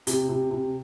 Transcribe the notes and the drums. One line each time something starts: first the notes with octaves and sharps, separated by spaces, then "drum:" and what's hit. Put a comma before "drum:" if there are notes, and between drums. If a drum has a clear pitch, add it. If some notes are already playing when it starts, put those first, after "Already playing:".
C3, drum: hi-hat
C3
C3